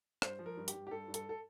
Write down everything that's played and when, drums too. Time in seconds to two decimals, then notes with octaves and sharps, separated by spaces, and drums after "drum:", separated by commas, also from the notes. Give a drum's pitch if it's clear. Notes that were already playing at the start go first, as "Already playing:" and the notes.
0.22 G2 C5, drum: rim click
0.39 F3
0.46 A#4
0.57 G2
0.68 G4, drum: hi-hat
0.73 G2
0.87 G4
0.91 G2 A4
1.08 G2
1.14 A4, drum: hi-hat
1.29 A4